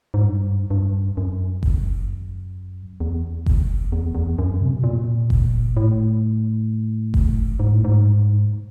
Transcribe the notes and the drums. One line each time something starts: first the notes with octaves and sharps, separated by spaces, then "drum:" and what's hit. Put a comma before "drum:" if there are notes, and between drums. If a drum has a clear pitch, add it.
G#2
G2
G2
F#2
drum: kick F#1
E2
drum: kick F#1
E2
E2
F#2
C3
B2
A#2
drum: kick F#1
A2
drum: kick F#1
G#2
A2
G#2